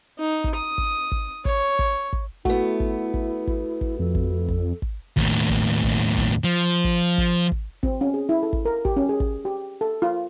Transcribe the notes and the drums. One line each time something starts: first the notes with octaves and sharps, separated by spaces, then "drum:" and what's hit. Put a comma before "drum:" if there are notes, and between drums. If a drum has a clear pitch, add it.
D#4
drum: kick
D#6
drum: kick
drum: kick
C#5, drum: kick
drum: kick
drum: kick
A3 B3 E4 F#4, drum: kick
drum: kick
drum: kick
drum: kick
drum: kick
F2 A4
drum: kick
drum: kick
drum: kick
D#2 A2, drum: kick
drum: kick
drum: kick
drum: kick
F3
drum: kick
drum: kick
drum: kick
C4, drum: kick
C#4
G#4
E4
A4
drum: kick
A#4
G4, drum: kick
C#4
G#4
drum: kick
G4
A4
F4